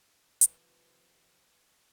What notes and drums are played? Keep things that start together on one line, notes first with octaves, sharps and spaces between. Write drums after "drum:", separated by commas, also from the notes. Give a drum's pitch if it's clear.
C3 D#3 F3 B4 E7, drum: hi-hat